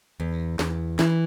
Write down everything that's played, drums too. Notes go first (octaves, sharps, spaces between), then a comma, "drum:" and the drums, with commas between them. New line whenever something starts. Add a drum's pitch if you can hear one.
E2
E2, drum: snare
E3 E4, drum: snare